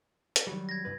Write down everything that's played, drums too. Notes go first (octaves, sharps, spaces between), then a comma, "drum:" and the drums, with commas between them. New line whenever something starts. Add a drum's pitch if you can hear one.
drum: hi-hat
D#3 F#3 G3
G#6 A#6
C2 G2 B4